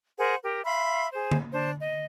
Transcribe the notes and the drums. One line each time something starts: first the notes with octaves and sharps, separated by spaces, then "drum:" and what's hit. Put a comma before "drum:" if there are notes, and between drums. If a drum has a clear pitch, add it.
G#4 A#4 C5 F#5
G4 A#4
E5 F5 B5 C6
G#4 C5
drum: tom D3
D4 C5
D#5